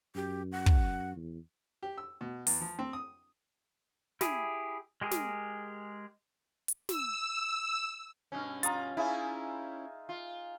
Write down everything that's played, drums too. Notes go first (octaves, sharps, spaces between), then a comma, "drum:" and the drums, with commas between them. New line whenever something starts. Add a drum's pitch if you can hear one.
F#2 G4
F#5
drum: kick
E2
G4
E6
B2
E2, drum: open hi-hat
F3
C4
D#6
E4 G4 G#4, drum: snare
G#3 G4 G#4 A#4
drum: snare
drum: hi-hat
E6, drum: snare
G2 B2 C#4
F4 A#5 D#6 A6, drum: hi-hat
C#4 D#4 E4 G#4 E5 F5 G#5
F4